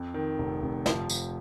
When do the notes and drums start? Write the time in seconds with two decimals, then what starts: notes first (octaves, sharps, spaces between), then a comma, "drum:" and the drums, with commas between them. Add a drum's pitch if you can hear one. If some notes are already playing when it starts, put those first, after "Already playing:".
Already playing: F2
0.14 D#3
0.38 F1
0.62 F1
0.86 F3, drum: snare
1.09 F3, drum: tambourine